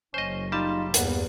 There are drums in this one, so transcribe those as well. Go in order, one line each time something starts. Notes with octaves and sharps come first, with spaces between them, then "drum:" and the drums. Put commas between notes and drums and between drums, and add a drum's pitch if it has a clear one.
F#1 C#4 C5 D#5
G3 D#4 F4 A5
E2 G2 A#2 B3 F#5, drum: hi-hat